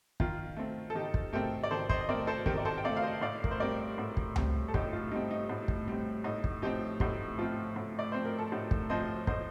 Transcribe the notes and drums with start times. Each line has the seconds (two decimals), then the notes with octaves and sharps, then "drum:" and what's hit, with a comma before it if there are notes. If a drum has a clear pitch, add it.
0.20 D#3 F4, drum: kick
0.57 A3 C4
0.90 A4
0.95 D#3 D#4 G4
1.14 drum: kick
1.33 A3 C4 G4 A#4
1.63 D5
1.71 D#3 A4 C5
1.90 C5 D#5, drum: kick
2.01 D#5
2.09 A3 C4 A#4 D5
2.27 A4 C5
2.46 D#3 G4 A#4, drum: kick
2.58 D5
2.65 A4 C5
2.78 G5
2.84 A3 C4 D5 F5
2.97 F5
3.03 C5 D#5
3.22 A2 D5 F5
3.44 A#4, drum: kick
3.51 C5
3.59 G3 C4 A#4 D5
3.98 A2
4.17 drum: kick
4.36 G3 C4, drum: tom C#2
4.68 A4
4.74 A2 D#4 G4, drum: kick
4.93 F4
5.11 G3 C4 D#4
5.31 D#4
5.50 A2
5.68 drum: kick
5.88 G3 C4
6.24 A2 D#4
6.44 drum: kick
6.62 F3 C4 D#4 G4
7.00 A2 D#4 G4, drum: kick
7.38 F3 C4 F4
7.76 A2
7.99 D5
8.12 F3 C4 C5
8.25 A#4
8.38 A4
8.52 A2 D#4 G4
8.71 drum: kick
8.90 F3 C4 C5 D#5
9.27 A2 C5 D#5, drum: kick